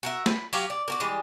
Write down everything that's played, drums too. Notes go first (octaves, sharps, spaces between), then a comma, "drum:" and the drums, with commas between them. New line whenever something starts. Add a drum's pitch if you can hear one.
F#4 A#4 E5
B4, drum: snare
F#3 G4 F5, drum: tambourine
D5
D4 F#4 A#4
E3 G3 G#3